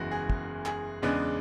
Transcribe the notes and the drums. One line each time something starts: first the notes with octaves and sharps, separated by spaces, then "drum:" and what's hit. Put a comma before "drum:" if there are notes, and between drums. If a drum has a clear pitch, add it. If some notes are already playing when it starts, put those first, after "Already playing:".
Already playing: F#1 E2 C#3 E3 G#3 F#4
G#4
drum: kick
G#4, drum: clap
E2 C#3 G#3 B3 D4 B4